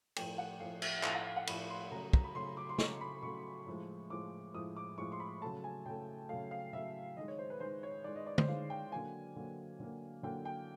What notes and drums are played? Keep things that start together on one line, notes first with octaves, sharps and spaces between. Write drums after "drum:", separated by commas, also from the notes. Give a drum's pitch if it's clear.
A2 F3 A3 G5, drum: cymbal
F#5
A2 F3 A3 F5
E5, drum: cymbal
E5
A2 F3 A3 F5, drum: clap
F#5
F5
F#5
A2 F3 A3 B5, drum: cymbal
C6
C#3 F#3 A3 A#5
A#5, drum: kick
B5
C#3 F#3 A3 C6
D6
C6
C#3 F#3 A3 C#6, drum: snare
B5
C#3 F#3 A3 C#6
A2 F3 G#3
A2 F3 G#3 D6
A2 F3 G#3 D#6
D6
A2 F3 G#3 C#6
C6
B5
C#3 F#3 A3 A5
G#5
C#3 F#3 A3 G5
C#3 F#3 A3 F5
F5
C#3 F#3 A3 E5
D#3 G#3 D#5
C#5
C5
B4
D#3 G#3 C5
C#5
D#3 G#3 D5
D#5
D5
C5, drum: tom
D#3 G#3 F5
G5
D3 F#3 A#3 G#5
D3 F#3 A#3
D3 F#3 A#3
D3 F#3 A#3 G5
G5